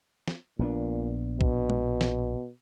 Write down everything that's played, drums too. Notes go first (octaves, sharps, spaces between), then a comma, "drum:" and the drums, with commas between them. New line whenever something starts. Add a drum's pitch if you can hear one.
drum: snare
A#1 A#2 B3 D4
B2, drum: kick B1
drum: tom
drum: snare